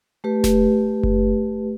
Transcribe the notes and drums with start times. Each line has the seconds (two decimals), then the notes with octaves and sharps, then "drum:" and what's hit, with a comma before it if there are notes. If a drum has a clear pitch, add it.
0.24 A3 G4 B4
0.44 drum: snare F1
1.03 drum: kick F#1